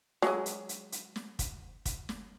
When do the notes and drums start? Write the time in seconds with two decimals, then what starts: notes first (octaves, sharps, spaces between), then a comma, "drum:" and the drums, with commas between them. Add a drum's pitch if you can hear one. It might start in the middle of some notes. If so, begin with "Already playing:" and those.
0.22 F#3 G#3, drum: snare
0.46 drum: hi-hat
0.69 drum: hi-hat
0.92 drum: hi-hat
1.16 drum: snare
1.39 drum: kick, hi-hat
1.85 drum: kick, hi-hat
2.09 drum: snare